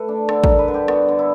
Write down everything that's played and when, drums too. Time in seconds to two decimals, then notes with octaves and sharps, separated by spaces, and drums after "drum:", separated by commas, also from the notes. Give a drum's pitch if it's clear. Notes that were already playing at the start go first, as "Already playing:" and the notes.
Already playing: A3 B4
0.08 D4
0.29 D3 A4, drum: rim click
0.44 A#4, drum: kick A1
0.49 G2
0.59 B4
0.68 D3
0.74 G4
0.88 B3 F#4, drum: rim click
1.08 D3
1.19 E4